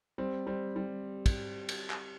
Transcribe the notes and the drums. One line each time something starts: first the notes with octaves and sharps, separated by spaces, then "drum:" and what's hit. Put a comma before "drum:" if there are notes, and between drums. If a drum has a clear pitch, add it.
G3 C4
G3 C4
G3
drum: kick, cymbal
drum: cymbal
drum: clap